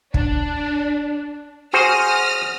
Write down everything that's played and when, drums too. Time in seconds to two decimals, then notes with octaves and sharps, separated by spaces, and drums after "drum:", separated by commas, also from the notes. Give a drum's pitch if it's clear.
0.14 D4, drum: kick
1.73 F#4 G#4 C5 D#6 F6 A#6